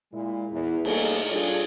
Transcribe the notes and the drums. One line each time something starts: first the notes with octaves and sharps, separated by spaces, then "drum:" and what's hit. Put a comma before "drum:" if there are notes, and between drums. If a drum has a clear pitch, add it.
A#2 G#3 E4
E2
G3 A3 A#3 D#4 G#4 A4, drum: cymbal
G3 D4 F4 G#4 A4 C#5